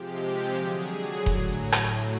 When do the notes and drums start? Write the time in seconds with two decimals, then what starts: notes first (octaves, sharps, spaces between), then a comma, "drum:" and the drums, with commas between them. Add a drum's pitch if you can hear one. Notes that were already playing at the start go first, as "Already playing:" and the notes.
Already playing: C3 F3 G#3 G4
0.55 D3 F#3 G#4
1.26 A2 F#3, drum: kick F1
1.72 drum: rim click